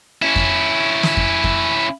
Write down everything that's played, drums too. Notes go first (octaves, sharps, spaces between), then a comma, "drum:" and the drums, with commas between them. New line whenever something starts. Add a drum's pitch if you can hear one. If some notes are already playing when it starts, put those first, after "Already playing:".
C#4 E4
drum: kick F2
drum: snare
drum: kick F2
drum: kick F2